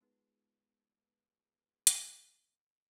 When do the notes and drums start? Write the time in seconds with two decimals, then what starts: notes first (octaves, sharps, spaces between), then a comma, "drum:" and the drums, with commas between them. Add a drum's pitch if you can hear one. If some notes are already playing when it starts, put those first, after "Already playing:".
0.01 G#3 B3 D#4 F4 G#4 B4
1.87 drum: hi-hat